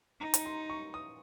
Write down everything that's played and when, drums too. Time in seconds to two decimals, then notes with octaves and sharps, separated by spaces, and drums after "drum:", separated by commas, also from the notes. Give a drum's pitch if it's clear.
0.20 D#4 A#5
0.34 A#5, drum: hi-hat
0.45 C6
0.70 C#6
0.94 D#6